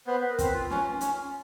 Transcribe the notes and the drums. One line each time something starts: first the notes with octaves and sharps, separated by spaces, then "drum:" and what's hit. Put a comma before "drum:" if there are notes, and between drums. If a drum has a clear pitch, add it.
B3 C5
B4
A#4
C4 B4, drum: kick, hi-hat
F4
C#4, drum: snare
C#4, drum: hi-hat